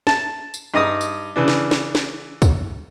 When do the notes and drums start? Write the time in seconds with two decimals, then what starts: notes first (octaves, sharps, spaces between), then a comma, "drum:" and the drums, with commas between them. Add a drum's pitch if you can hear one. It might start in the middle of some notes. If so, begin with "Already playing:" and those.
0.07 A5, drum: snare
0.54 drum: tambourine
0.74 G2 D#4 D#5 D#6
1.01 drum: tambourine
1.36 C#3 E3 D4
1.48 drum: snare
1.71 drum: snare
1.95 drum: snare
2.42 drum: kick, tambourine